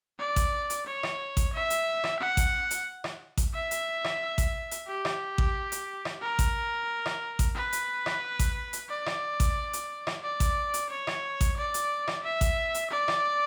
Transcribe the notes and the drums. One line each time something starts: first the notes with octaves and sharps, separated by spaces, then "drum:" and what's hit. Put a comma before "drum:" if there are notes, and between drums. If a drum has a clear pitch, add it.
D5
drum: kick A1, hi-hat
drum: hi-hat
C#5
drum: rim click
drum: kick A1, hi-hat
E5
drum: hi-hat
drum: rim click
F#5
drum: kick A1, hi-hat
drum: hi-hat
drum: rim click
drum: kick A1, hi-hat
E5
drum: hi-hat
drum: rim click
drum: kick A1, hi-hat
drum: hi-hat
G4
drum: rim click
drum: kick A1
drum: hi-hat
drum: rim click
A#4
drum: kick A1, hi-hat
drum: rim click
drum: kick A1, hi-hat
B4
drum: hi-hat
drum: rim click
drum: kick A1, hi-hat
drum: hi-hat
D5
drum: rim click
drum: kick A1, hi-hat
drum: hi-hat
drum: rim click
D5
drum: kick A1, hi-hat
drum: hi-hat
C#5
drum: rim click
drum: kick A1, hi-hat
D5
drum: hi-hat
drum: rim click
E5
drum: kick A1, hi-hat
drum: hi-hat
D5
drum: rim click